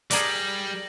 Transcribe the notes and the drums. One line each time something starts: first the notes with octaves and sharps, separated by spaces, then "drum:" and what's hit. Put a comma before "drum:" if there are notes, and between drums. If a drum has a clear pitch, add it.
G3 G#4 A#4 D5 A#6 F#7, drum: hi-hat